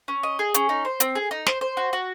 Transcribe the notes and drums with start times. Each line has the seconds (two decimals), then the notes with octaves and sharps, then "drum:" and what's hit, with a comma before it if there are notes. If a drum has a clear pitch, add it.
0.08 C#4
0.23 D#5
0.39 G#4
0.54 C#4, drum: hi-hat
0.69 D#4
0.85 C5
1.00 C4, drum: hi-hat
1.15 G#4
1.31 D#4
1.46 C5, drum: snare
1.61 C5
1.77 F#4
1.93 F#4